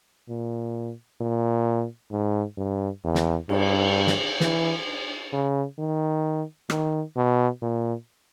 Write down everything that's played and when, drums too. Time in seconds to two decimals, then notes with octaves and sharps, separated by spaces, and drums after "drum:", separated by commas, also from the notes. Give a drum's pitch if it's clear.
0.29 A#2
1.21 A#2
2.11 G#2
2.57 G2
3.04 E2
3.15 drum: snare
3.49 G2, drum: cymbal
4.07 drum: snare
4.40 E3, drum: snare
5.33 C#3
5.78 D#3
6.70 D#3, drum: rim click
7.16 B2
7.62 A#2